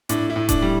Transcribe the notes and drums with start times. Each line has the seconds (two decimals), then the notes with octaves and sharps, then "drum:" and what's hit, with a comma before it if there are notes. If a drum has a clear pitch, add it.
0.09 A2 D4, drum: hi-hat
0.30 E4
0.36 A2
0.49 D4, drum: kick D#1, hi-hat
0.62 G3